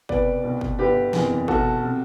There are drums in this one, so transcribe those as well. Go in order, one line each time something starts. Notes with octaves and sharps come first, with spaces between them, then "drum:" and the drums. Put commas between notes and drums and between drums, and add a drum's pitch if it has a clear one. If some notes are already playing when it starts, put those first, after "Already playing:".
C2 B2 B4 D5, drum: kick F#1
C2 B2
drum: kick F#1
G1 G2 D3 G4 B4
F#1 E2 C3 E3, drum: snare
B1 B2 F#4 A4, drum: kick F#1
C3